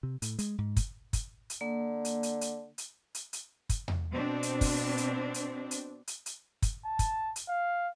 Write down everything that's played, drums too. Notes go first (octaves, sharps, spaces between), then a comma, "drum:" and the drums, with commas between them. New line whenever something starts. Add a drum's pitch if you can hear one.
C3
A2, drum: hi-hat
G#3, drum: hi-hat
G#2
drum: kick, hi-hat
drum: kick, hi-hat
drum: hi-hat
D3 A#3
drum: hi-hat
drum: hi-hat
drum: hi-hat
drum: hi-hat
drum: hi-hat
drum: hi-hat
drum: kick, hi-hat
drum: tom E2
B2 C4 D4
drum: hi-hat
drum: kick, open hi-hat
drum: hi-hat
drum: hi-hat
drum: hi-hat
drum: hi-hat
drum: hi-hat
drum: kick, hi-hat
A5
drum: kick, hi-hat
drum: hi-hat
F5